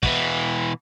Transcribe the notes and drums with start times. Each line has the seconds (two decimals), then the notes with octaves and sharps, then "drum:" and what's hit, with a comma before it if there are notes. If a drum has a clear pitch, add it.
0.03 B2 E3, drum: kick